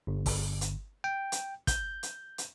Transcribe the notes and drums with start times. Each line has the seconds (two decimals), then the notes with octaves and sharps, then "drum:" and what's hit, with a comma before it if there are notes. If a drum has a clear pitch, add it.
0.07 G1
0.26 drum: kick, open hi-hat
0.61 drum: hi-hat
1.04 G5
1.32 drum: hi-hat
1.67 G6, drum: kick, hi-hat
2.03 drum: hi-hat
2.38 drum: hi-hat